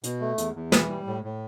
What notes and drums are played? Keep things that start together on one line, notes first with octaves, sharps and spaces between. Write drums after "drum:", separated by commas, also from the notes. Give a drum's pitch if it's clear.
B2, drum: hi-hat
A3
E2, drum: hi-hat
E2
E3, drum: snare
G3
A2
A2